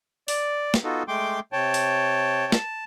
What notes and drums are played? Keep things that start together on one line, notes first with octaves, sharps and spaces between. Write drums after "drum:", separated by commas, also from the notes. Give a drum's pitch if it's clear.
D5, drum: open hi-hat
drum: snare
B3 D#4 F4 F#4 A4
G#3 A3 G5 C6 D6
C3 C#5 G5 A5
drum: open hi-hat
A5, drum: snare